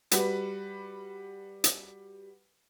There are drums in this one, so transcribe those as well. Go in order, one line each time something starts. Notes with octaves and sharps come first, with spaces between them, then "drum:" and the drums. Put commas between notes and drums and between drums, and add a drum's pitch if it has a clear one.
G3 F#4 B4, drum: hi-hat
drum: hi-hat